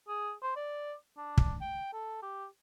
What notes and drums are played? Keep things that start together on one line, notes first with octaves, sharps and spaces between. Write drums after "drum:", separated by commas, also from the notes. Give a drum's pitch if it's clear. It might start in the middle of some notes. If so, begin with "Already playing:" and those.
G#4
C5
D5
D4
drum: kick
G5
A4
G4